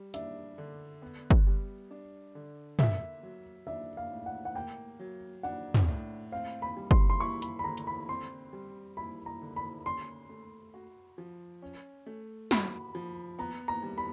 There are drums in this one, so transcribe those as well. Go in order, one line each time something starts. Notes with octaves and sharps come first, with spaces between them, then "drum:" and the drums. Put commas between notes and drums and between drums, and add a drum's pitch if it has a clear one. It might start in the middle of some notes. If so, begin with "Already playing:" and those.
Already playing: G3
D4 E5, drum: hi-hat
D3
B3
drum: kick
G3
D4
D3
A#3 E5, drum: tom
F#3
D4 E5
F5
A2
F#5
F#5
A#3 G5
F#3
D4 F#5
drum: tom
A2
C4 F5
B5
G3
C6, drum: kick
C6
E4 C#6
B5, drum: hi-hat
B5
D3 A#5
drum: hi-hat
B5
C4 C6
G3
E4 B5
A#5
D3
B5
C#4 C6
A3
F#4
F3
C#4
A3
F#4 B5, drum: snare
F3
B3 A#5
A#5
G3
B5